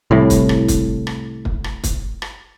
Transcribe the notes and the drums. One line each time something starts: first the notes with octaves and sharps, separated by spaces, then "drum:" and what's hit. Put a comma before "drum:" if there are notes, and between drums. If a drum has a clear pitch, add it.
C2 A2
drum: kick, hi-hat
drum: rim click
drum: kick, hi-hat
drum: rim click
drum: kick
drum: rim click
drum: kick, hi-hat
drum: rim click